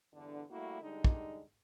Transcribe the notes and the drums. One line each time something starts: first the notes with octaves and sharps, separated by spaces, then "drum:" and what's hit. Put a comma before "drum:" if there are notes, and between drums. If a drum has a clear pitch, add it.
E2 G2 D3
G3 A3 A#3 E4 F#4
D3 G3 G#3 D#4
drum: kick